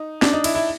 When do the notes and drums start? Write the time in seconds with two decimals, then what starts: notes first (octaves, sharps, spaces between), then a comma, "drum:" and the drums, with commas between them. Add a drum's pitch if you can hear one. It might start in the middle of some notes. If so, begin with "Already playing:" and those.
Already playing: D#4
0.22 D4, drum: snare
0.33 D#4
0.44 E4, drum: cymbal
0.55 E4